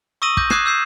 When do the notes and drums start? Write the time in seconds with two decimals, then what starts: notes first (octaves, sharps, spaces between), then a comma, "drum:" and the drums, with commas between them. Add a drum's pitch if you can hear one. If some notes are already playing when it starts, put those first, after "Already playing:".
0.22 C#6 D#6 E6 A#6 D#7 F#7
0.37 D6 G6 A#6, drum: kick
0.50 D6 D#6 F#6 G#6 C7 E7, drum: rim click
0.66 E6 G6 C7 E7